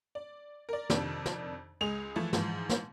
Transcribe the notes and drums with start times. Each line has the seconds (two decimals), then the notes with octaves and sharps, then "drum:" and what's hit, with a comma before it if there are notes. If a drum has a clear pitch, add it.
0.15 D5
0.69 A#4 D5
0.90 F2 C3 D#3 D4, drum: snare
1.26 drum: snare
1.81 C#2 G#3 G#4 F7
2.16 E3 F3 A3 E4
2.33 G#2 E3 F3, drum: snare
2.69 drum: snare